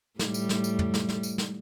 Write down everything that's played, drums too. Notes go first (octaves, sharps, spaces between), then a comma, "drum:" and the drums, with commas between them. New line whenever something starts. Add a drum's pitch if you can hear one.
A2 G3, drum: snare
drum: tambourine
drum: snare
drum: tambourine
drum: tom
drum: snare
drum: snare
drum: tambourine
drum: snare